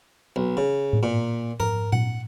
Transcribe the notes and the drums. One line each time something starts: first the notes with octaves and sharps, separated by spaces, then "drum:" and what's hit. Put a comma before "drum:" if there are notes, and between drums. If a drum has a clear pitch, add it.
B1
C#3
drum: tom A2
A#2
A#4, drum: tom G#2
F#5, drum: tom A#2